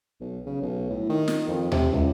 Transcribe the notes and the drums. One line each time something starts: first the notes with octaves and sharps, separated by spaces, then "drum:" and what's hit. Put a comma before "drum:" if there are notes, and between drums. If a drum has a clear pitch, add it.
B1
C#3
B1
A2
D#3
drum: snare
F2
C3, drum: tom D#2
C#2